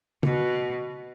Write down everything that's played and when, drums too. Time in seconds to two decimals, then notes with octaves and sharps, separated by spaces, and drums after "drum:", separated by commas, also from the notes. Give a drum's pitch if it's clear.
0.23 B2, drum: tom C#3